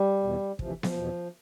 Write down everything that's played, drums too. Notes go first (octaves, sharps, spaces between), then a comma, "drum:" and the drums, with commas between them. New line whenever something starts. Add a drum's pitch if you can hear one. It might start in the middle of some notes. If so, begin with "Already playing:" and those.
Already playing: G3
E2 B2
D2 C3 E3 F3, drum: kick
F3, drum: snare B3
E2 B2